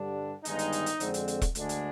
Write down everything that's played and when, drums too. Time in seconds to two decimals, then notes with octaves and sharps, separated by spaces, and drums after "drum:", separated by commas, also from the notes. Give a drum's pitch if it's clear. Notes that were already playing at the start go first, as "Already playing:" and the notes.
Already playing: G2 D3 G3 D4
0.45 G1 G2 D#3 G#3 D#4, drum: hi-hat
0.59 drum: hi-hat
0.72 drum: hi-hat
0.86 drum: hi-hat
1.00 F2 D3 G#3 C4, drum: hi-hat
1.14 drum: hi-hat
1.28 drum: hi-hat
1.42 drum: kick E1, hi-hat
1.55 D2 D3 G#3 D4, drum: hi-hat
1.69 drum: hi-hat